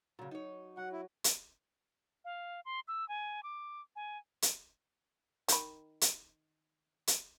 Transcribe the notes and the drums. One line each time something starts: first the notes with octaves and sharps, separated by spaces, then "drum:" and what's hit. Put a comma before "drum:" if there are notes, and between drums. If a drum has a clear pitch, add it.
A#2 C#3 F#3
D#4 C#5
F#3 F#5
E4
drum: hi-hat
F5
C6
E6
G#5
D6
G#5
drum: hi-hat
D#3 B5, drum: hi-hat
drum: hi-hat
drum: hi-hat